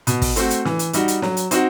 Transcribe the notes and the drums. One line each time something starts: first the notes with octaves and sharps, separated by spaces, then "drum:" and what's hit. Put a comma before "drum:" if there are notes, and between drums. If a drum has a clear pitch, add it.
B2, drum: hi-hat
drum: kick, open hi-hat
A3 C4 F#4, drum: hi-hat
drum: hi-hat
E3, drum: snare
drum: hi-hat
G3 D#4 F#4, drum: hi-hat
drum: hi-hat
F#3, drum: snare
drum: hi-hat
C4 D#4 F#4, drum: hi-hat